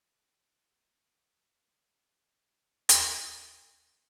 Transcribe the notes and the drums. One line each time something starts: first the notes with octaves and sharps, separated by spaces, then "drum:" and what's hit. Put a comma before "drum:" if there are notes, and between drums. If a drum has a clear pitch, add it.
A#2
C3
A#2
D3
G2
drum: hi-hat